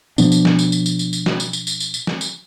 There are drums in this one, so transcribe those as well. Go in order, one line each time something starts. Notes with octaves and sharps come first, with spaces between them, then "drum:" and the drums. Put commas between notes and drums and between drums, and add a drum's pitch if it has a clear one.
B2 F3 B3 D4, drum: tambourine
drum: tambourine
drum: snare
drum: tambourine
drum: tambourine
drum: tambourine
drum: tambourine
drum: tambourine
drum: snare
drum: tambourine
drum: tambourine
drum: tambourine
drum: tambourine
drum: tambourine
drum: snare
drum: tambourine